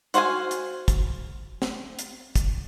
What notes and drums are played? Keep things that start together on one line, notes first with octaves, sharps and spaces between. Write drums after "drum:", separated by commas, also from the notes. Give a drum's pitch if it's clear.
F#4 C5 F5 G5 G#5, drum: hi-hat
drum: hi-hat
drum: kick, hi-hat
drum: snare
drum: hi-hat
drum: kick, hi-hat